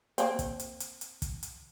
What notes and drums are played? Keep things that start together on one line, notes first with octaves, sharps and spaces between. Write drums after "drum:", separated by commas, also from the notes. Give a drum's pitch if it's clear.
A#3 C4, drum: hi-hat
drum: kick, hi-hat
drum: hi-hat
drum: hi-hat
drum: hi-hat
drum: kick, hi-hat
drum: hi-hat